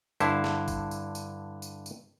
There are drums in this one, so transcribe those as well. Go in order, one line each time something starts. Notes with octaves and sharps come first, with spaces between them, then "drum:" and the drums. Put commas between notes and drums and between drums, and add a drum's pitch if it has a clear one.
G2 D3 E4 C5, drum: tambourine
drum: snare
drum: kick A1, tambourine
drum: tambourine
drum: tambourine
drum: tambourine
drum: tambourine